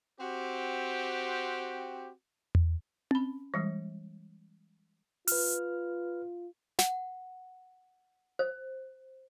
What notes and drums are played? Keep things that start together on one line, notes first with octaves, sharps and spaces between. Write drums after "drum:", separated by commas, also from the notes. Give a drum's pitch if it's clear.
C4 F#4 G4
drum: tom E2
C#4 B5, drum: tom C4
E3 G3 G#3
F4 B4 F6, drum: open hi-hat
F#5, drum: snare
C5